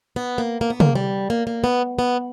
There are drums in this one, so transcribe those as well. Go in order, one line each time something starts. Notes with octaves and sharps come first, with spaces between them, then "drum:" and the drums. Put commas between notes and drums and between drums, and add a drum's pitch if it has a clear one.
B3
A#3
A#3
B3
A#3, drum: tom
G3
A#3
A#3
B3
B3